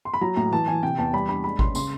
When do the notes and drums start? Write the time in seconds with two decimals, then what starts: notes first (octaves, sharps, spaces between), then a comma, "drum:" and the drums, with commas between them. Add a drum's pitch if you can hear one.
0.05 C6
0.14 B5
0.21 F#3 A#5
0.37 A2 A#5
0.52 E3 A5
0.67 E3 G#5
0.83 C3 G5
0.98 E2 A5
1.13 G3 B5
1.28 D4 B5
1.44 G#3 B5
1.59 C#4 C6, drum: kick G#1
1.75 C#3 C6, drum: tambourine